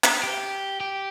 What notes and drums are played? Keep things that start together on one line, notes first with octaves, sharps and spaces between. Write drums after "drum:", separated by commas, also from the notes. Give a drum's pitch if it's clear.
drum: clap
G4
G4